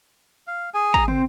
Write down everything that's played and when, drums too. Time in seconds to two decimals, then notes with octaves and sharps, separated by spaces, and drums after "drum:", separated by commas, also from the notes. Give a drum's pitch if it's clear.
0.47 F5
0.74 G#4 G#5
0.94 A#5, drum: kick
1.08 C4 C5, drum: tom